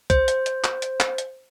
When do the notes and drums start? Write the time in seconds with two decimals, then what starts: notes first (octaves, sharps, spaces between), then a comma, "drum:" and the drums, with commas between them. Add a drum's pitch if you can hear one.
0.10 C5, drum: kick, hi-hat
0.28 drum: hi-hat
0.46 drum: hi-hat
0.64 drum: clap
0.82 drum: hi-hat
1.00 drum: clap
1.18 drum: hi-hat